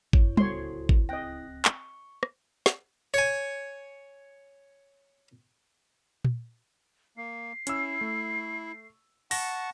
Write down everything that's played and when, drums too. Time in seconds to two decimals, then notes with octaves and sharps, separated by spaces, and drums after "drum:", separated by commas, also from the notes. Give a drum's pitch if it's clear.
0.13 F#2 E4 C#5, drum: kick G#1
0.37 D1 C#2 B3 F#4 A4 C5 C#5 C6, drum: tom
0.89 drum: kick G#1
1.09 C4 D#5 G5 F#6 A#6
1.65 C#6, drum: clap
2.23 drum: rim click
2.66 drum: snare
3.14 C#5 G#5
6.25 drum: tom A#2
7.17 A#3 C7
7.67 C#4 E4 E6, drum: hi-hat
8.01 A3
9.31 F#5 A5 C#6 A#6, drum: open hi-hat